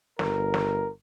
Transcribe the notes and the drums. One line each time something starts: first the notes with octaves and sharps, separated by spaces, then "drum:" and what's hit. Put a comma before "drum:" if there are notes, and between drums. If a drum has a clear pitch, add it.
G1 A#4, drum: snare
drum: snare